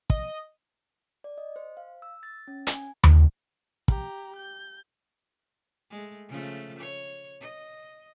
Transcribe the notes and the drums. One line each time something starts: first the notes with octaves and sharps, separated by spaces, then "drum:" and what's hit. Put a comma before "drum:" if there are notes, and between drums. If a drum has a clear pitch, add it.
D#5, drum: kick
D5
D#5
C5
F5
E6
A6
C#4
G#5, drum: hi-hat
drum: tom D#2
G4 A#5, drum: kick
G6
G#3 A3
C#3 F3 A3
C#5
D#5